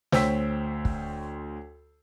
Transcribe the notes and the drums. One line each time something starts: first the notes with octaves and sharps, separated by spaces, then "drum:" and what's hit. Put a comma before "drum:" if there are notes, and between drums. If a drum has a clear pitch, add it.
D2 C5 C#5 G5 E6 B6, drum: snare
drum: kick